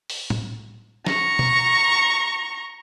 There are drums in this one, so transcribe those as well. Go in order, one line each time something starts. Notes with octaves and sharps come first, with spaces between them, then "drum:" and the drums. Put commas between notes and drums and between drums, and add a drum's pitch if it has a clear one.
drum: open hi-hat
drum: tom
A#5 C#6, drum: snare
drum: tom B2